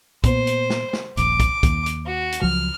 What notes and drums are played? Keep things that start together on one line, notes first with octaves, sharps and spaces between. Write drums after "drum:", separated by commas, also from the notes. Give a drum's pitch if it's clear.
A#2 B3 C5, drum: kick, hi-hat
drum: hi-hat
drum: snare
drum: snare
D#1 A#1 D6, drum: hi-hat
drum: kick, hi-hat
D#2, drum: kick, hi-hat
drum: hi-hat
F#4
drum: hi-hat
C#2 F3 F#3 F6